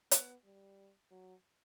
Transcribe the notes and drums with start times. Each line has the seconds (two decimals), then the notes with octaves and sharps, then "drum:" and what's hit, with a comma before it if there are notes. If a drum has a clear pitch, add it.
0.11 B3, drum: hi-hat
0.45 G3
1.11 F#3